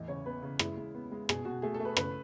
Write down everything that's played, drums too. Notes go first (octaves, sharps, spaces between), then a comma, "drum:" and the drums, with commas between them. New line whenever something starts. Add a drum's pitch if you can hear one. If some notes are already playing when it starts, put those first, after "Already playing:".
Already playing: E2 A2 D#5
C#3 C#5
B3 B4
C#3
G#3 E4, drum: rim click
G#3
B3
G#3
B2 G#4, drum: rim click
B2 F#4
A3 G#4
A4
A3 B4
C#3 B4, drum: rim click